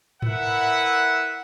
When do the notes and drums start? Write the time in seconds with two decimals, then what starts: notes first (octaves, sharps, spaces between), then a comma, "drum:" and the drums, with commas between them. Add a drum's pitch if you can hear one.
0.22 E4 A#4 B4 E5 F#5, drum: tom G#2